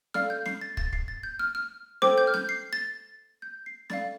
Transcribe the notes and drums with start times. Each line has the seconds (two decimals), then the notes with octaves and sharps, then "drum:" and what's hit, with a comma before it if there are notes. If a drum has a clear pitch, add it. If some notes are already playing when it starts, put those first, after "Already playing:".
0.14 A4 D5 F5 F6, drum: snare
0.30 G6
0.46 C7, drum: snare
0.61 A6
0.77 A6, drum: kick
0.93 C7, drum: kick
1.08 A6
1.23 G6
1.39 F6
1.55 F6
2.02 A4 C5 G5 D6, drum: snare
2.18 G6
2.27 F6
2.34 G6, drum: snare
2.49 C7
2.73 A6
3.42 G6
3.66 C7
3.90 A4 D5 F5 A6, drum: snare